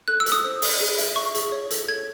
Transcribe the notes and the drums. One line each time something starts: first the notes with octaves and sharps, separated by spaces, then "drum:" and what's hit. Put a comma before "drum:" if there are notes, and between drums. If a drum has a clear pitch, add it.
A4 F#6
E6
A4, drum: hi-hat
D#6
C5
A4, drum: open hi-hat
G#4
E5, drum: hi-hat
E5 C#6
G#4, drum: hi-hat
C#5
A4, drum: hi-hat
A4 G#6